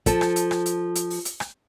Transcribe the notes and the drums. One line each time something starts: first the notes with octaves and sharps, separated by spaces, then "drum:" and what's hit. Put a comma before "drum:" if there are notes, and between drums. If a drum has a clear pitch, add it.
F3 A4, drum: kick, hi-hat
drum: rim click
drum: hi-hat
drum: rim click
drum: hi-hat
drum: hi-hat
drum: open hi-hat
drum: hi-hat
drum: rim click